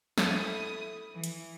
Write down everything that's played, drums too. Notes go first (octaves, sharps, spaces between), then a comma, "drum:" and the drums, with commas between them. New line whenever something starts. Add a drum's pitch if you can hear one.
E4 A4 D#6, drum: snare
E3
drum: hi-hat